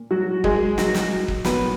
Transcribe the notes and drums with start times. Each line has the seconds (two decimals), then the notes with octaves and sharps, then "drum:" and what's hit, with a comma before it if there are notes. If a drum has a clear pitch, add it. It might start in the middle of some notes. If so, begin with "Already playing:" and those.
Already playing: A#2
0.11 F#3 F#4
0.44 G#3 G#4, drum: kick
0.78 F#3 F#4, drum: snare
0.95 drum: snare
1.28 drum: kick
1.45 A#2 F#3 B3 B4, drum: snare